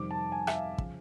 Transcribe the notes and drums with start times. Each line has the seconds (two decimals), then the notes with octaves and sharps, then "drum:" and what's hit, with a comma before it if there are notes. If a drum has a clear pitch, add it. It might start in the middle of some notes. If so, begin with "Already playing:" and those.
Already playing: F2 C3 D#3 G3 D6
0.11 A5
0.32 G#5
0.47 E5, drum: rim click
0.55 F5
0.78 C#3 F3, drum: kick